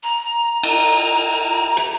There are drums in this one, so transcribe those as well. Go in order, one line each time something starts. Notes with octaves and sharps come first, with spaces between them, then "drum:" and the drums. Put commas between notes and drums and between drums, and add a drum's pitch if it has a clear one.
A#5
A#5, drum: cymbal
drum: hi-hat